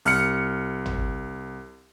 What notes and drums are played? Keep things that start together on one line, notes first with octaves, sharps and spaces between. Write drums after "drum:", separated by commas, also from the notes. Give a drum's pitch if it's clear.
C2 F6 C#7, drum: open hi-hat
drum: tom G#1